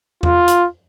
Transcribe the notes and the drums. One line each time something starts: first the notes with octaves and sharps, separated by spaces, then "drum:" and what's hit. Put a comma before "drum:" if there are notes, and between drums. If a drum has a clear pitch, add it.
F4, drum: tom E2
drum: hi-hat